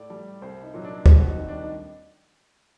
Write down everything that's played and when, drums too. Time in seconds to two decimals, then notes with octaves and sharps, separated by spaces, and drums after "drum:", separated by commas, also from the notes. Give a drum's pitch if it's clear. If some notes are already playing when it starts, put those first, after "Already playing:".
Already playing: A2 D5
0.10 G3
0.42 C2 C5
0.63 D#4
0.74 A#2 F#3
0.85 D4
1.06 D#2 C4, drum: kick D2
1.19 F#4
1.27 D#4
1.38 D#3 G3
1.49 D4
1.64 D#4